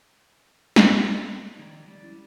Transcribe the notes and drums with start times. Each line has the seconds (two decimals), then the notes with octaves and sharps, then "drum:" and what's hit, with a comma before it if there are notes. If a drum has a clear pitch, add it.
0.76 drum: snare
1.59 D#3 F3 D5 A#5 G#6
1.88 G3 G#3 D5
2.02 C#4 E4 A6